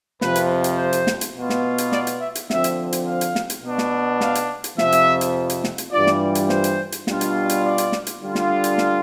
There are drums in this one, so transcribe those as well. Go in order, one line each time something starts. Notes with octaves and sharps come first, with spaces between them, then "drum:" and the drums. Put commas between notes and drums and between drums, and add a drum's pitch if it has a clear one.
F2 C3 F3 B4, drum: snare
drum: hi-hat
drum: hi-hat
C5
drum: hi-hat
drum: snare
drum: hi-hat
B2 B3 F4
drum: snare
drum: hi-hat
D5, drum: snare
drum: hi-hat
E5
drum: hi-hat
D3 F3 C4 E5, drum: snare
drum: hi-hat
drum: hi-hat
F5
drum: hi-hat
drum: snare
drum: hi-hat
B2 B3 D4
drum: snare
F5, drum: snare
drum: hi-hat
drum: hi-hat
F2 C3 F3 E5, drum: snare
drum: hi-hat
drum: hi-hat
drum: hi-hat
drum: snare
drum: hi-hat
G2 E3 G3 D4 F4 D5
drum: snare
drum: hi-hat
C5, drum: snare
drum: hi-hat
drum: hi-hat
B2 G3 D4 F4, drum: snare
drum: hi-hat
drum: hi-hat
D5
drum: hi-hat
drum: snare
drum: hi-hat
D3 G3 D4 F4
drum: snare
drum: hi-hat
drum: snare